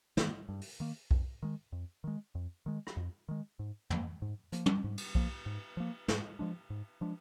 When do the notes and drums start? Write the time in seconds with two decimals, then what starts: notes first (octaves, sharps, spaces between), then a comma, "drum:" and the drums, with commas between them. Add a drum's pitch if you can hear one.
0.17 D#3 A#3, drum: snare
0.49 G2
0.61 drum: open hi-hat
0.80 D#3 A#3
1.11 F2, drum: kick B1
1.43 D#3 G#3
1.72 F2
2.04 D#3 G#3
2.35 F2
2.66 D#3 G#3
2.87 drum: rim click
2.97 F2
3.29 D#3 G#3
3.59 G#2
3.90 F3 A#3, drum: tom
4.22 G#2
4.52 F3 A#3, drum: hi-hat
4.66 drum: tom
4.84 G#2
4.98 drum: cymbal
5.15 F3 A#3, drum: kick B1
5.46 G#2
5.77 F3 A#3
6.08 G#2, drum: snare
6.39 F3 G#3 D4
6.70 G#2
7.01 F3 G#3 D4